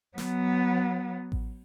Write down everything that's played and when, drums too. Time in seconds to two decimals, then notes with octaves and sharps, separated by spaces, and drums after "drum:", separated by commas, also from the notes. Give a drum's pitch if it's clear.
0.18 F#3 B3, drum: snare
1.32 drum: kick A1